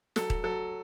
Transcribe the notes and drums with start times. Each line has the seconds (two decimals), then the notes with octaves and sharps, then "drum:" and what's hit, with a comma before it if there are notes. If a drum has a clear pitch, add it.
0.16 F#3 A4, drum: snare
0.30 drum: kick D#1
0.44 F#3 A4